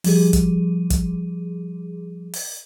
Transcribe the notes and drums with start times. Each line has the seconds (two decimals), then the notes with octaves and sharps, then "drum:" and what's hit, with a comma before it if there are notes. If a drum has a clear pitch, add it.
0.04 F3 G3 G#4, drum: open hi-hat
0.33 drum: kick, hi-hat
0.90 drum: kick, hi-hat
2.34 drum: open hi-hat